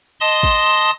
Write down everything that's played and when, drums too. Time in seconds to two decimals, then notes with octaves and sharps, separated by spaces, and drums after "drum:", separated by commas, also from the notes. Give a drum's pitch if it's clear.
0.20 D#5 A5 C6 D#6
0.43 drum: kick